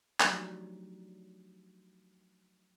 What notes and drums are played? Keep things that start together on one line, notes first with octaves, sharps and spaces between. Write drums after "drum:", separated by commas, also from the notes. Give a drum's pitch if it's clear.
F3 F#3 A3 D4 D#4 G4, drum: clap